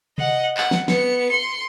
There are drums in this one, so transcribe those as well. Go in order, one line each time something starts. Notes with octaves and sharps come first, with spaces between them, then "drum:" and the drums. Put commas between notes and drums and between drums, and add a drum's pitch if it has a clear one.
D#5 F#5, drum: tom C3
F#5, drum: clap
drum: snare
B3 C#7, drum: snare
C6 C#7